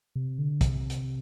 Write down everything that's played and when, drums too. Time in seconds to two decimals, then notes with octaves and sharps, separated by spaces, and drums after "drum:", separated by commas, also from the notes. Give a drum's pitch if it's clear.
0.15 C3
0.38 D3
0.61 C3, drum: kick, hi-hat
0.90 drum: hi-hat